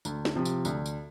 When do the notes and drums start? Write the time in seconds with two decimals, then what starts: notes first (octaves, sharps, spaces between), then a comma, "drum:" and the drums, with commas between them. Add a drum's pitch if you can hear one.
0.05 D2, drum: tambourine
0.25 drum: snare
0.36 C3 F3
0.45 drum: tambourine
0.65 D2, drum: tambourine
0.86 drum: tambourine